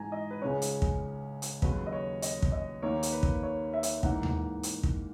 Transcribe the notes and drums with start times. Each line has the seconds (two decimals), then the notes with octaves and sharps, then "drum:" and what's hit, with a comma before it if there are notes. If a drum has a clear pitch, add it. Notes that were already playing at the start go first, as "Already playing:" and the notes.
Already playing: G#2 E3 G#3 D#4 G#5 A#5
0.12 D#5
0.31 B4
0.42 C#2 C#3 G#3 C#4 C#5
0.62 drum: hi-hat
0.82 drum: kick
1.42 drum: hi-hat
1.62 D#2 C#3 F#3 B4, drum: kick
1.87 D#5
1.92 C#5
2.22 D#5, drum: hi-hat
2.42 drum: kick
2.52 D#5
2.83 D#2 D#3 A#3 D#4 C#5
3.03 drum: hi-hat
3.13 B4
3.23 drum: kick
3.43 C#5
3.73 E5
3.83 drum: hi-hat
4.03 G#2 E3 A#3 D#4 F#5, drum: kick
4.23 drum: tom D#2
4.63 drum: hi-hat
4.83 drum: kick